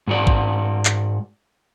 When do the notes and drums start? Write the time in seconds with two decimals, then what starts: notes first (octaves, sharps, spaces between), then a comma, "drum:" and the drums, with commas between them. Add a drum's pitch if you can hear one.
0.07 G#2 F#4 D5
0.27 drum: kick A1
0.85 drum: clap